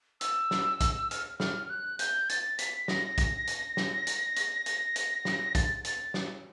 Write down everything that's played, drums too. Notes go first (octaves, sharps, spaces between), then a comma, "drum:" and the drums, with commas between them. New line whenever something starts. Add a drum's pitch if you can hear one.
E6, drum: hi-hat
drum: snare
drum: kick A#1, hi-hat
F6, drum: hi-hat
F6, drum: snare
F#6
G6, drum: hi-hat
A6, drum: hi-hat
B6, drum: hi-hat
A#6, drum: snare
drum: kick A#1, hi-hat
drum: hi-hat
drum: snare
drum: hi-hat
drum: hi-hat
drum: hi-hat
drum: hi-hat
drum: snare
A6, drum: kick A#1, hi-hat
A6, drum: hi-hat
drum: snare